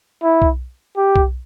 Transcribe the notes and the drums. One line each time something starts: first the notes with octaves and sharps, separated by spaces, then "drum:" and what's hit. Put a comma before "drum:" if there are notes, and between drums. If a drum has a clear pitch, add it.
E4
drum: kick B1
G4
drum: kick B1